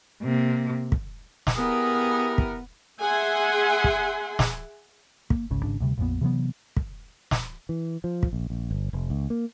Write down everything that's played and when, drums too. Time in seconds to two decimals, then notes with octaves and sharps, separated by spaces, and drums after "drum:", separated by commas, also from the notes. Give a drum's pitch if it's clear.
0.23 C3 A#3
0.92 drum: kick
1.47 drum: snare
1.56 B3 E4 G4 G#4 A#4
2.38 drum: kick
2.99 G#4 E5 F#5 G#5 C6
3.84 drum: kick
4.39 drum: snare
5.30 A#3, drum: kick
5.50 G#1 C#2 C#3
5.64 G#1 C#3 D4
5.80 D2 C3 G3
5.98 A#1 F2 A#2 B3
6.21 C3 E3 F#3 B3
6.77 drum: kick
7.31 drum: snare
7.69 E3
8.04 F3
8.23 drum: kick
8.33 A#1
8.50 A#1
8.71 G1
8.93 F1
9.10 C#2
9.30 A#3